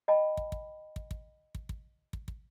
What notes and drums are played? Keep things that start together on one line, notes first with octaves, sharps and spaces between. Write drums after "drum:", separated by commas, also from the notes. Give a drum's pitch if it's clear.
D#5 G5 A5 B5
drum: kick
drum: kick
drum: kick
drum: kick
drum: kick
drum: kick
drum: kick
drum: kick